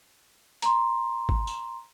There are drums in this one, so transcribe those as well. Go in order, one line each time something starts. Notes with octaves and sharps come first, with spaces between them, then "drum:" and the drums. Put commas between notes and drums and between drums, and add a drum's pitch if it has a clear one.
A#5 C6, drum: hi-hat
drum: kick G#1
drum: tambourine